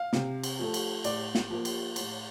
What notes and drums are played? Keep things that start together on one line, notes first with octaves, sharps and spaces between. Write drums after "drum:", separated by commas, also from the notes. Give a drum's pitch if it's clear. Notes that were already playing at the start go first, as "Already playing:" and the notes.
Already playing: F5
C3, drum: snare
drum: cymbal
F3 A3
drum: cymbal
A2 D5, drum: cymbal
drum: snare
F3 A#3
drum: cymbal
A2, drum: cymbal